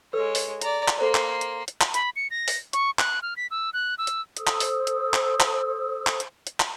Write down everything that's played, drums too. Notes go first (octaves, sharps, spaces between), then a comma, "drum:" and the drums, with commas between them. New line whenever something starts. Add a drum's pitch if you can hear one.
G#3 A4 B4 C#5 E6
drum: open hi-hat
D5 A#5, drum: hi-hat
drum: clap
A#3 A4 C5 D5 C6
drum: clap
drum: hi-hat
drum: hi-hat
drum: clap
B5, drum: hi-hat
C#7
A#6
drum: open hi-hat
C#6, drum: hi-hat
F#6, drum: clap
F6
B6
E6
F#6
E6
drum: hi-hat
A4 C5 D#6 E6, drum: hi-hat
drum: clap
drum: open hi-hat
drum: hi-hat
drum: clap
drum: clap
drum: clap
drum: hi-hat
drum: hi-hat
drum: clap